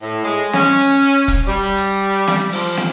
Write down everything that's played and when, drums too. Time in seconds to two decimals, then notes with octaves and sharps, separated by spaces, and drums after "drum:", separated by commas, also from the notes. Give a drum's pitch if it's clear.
0.02 A2
0.24 G#3
0.53 C#4, drum: snare
0.78 drum: hi-hat
1.03 drum: hi-hat
1.28 drum: kick, hi-hat
1.48 G3
1.78 drum: hi-hat
2.28 drum: snare
2.52 F3, drum: open hi-hat
2.77 drum: snare